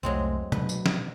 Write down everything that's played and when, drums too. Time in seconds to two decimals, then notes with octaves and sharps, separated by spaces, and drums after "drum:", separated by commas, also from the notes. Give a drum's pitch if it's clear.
0.03 C2 F2 F#3 G#3 A3 C4
0.52 B2 F#3 B4, drum: tom
0.69 drum: tambourine
0.86 drum: snare